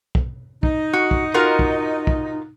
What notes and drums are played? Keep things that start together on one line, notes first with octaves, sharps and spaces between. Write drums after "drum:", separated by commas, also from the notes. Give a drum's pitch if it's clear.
drum: kick
D#4, drum: kick
F#4
drum: kick
F4 F#4 A#4
drum: kick
drum: kick